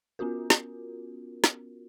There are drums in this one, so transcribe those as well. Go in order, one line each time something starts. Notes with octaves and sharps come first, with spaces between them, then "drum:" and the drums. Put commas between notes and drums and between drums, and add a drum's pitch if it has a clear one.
B3 C#4 F4 F#4 A#4
drum: snare
drum: snare